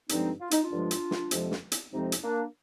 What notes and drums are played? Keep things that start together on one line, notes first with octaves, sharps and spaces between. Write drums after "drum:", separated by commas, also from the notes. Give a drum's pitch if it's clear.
G2 D3 F3 G#3 C4 D#4, drum: hi-hat
F4
D#4, drum: hi-hat
D4 F4
G2 D3 F3 G#3
drum: hi-hat
drum: snare
F2 C3 F3 G#3, drum: hi-hat
drum: snare
drum: hi-hat
F2 C3 F3 G#3 C4 D#4
drum: hi-hat
A#3 D4